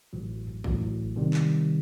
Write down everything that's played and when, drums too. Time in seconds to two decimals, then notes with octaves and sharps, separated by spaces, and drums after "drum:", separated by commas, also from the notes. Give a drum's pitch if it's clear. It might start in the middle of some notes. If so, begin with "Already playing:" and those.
0.13 A1 A2 F#3
0.47 drum: tom F#2
0.64 A1 A2 F#3, drum: kick
1.16 C3 D#3 G3
1.34 drum: clap